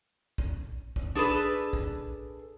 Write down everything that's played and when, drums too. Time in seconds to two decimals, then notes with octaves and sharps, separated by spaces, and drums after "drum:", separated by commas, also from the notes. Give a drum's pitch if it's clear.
0.38 drum: kick
0.96 drum: kick
1.15 D4 G#4 A4 B4
1.73 drum: kick